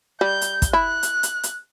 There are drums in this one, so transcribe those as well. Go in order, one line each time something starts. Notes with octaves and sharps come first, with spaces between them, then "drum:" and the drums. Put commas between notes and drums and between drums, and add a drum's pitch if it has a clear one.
G3 G6
drum: hi-hat
drum: kick, hi-hat
E4 F#6
drum: hi-hat
drum: hi-hat
drum: hi-hat